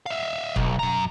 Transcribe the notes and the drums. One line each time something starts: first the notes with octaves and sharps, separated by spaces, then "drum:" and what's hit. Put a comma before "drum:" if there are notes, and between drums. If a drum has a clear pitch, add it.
E5 F5
B1, drum: kick
F#2 A#5